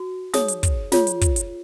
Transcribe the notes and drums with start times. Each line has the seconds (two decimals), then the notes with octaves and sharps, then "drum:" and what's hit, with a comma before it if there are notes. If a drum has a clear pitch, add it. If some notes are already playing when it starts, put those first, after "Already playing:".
Already playing: F#4
0.34 D#4 G#4 C#5 D#6, drum: snare
0.48 drum: hi-hat
0.63 drum: kick, hi-hat
0.92 F4 G#4 C#5, drum: snare
1.07 drum: hi-hat
1.21 drum: kick, hi-hat
1.36 drum: hi-hat